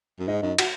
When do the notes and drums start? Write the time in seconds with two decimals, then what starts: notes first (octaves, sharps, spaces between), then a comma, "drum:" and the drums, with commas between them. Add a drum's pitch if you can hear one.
0.19 F#2
0.27 G#2 D#4 D#5
0.43 F#2 D#4 D#5
0.58 F#4 F#5, drum: cymbal